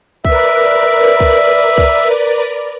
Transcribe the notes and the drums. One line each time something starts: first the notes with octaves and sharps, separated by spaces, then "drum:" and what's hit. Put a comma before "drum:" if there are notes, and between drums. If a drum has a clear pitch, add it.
A#4 B4 D5 E5, drum: kick C2
drum: kick C2
drum: kick C2